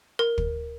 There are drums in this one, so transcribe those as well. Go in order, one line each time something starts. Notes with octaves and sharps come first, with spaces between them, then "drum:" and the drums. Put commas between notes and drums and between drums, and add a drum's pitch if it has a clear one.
A#4
drum: kick